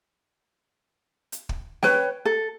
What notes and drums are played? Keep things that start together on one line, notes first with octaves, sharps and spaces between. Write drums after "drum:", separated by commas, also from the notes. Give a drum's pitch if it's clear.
drum: hi-hat
drum: kick
B4 C#5 G5, drum: snare
A4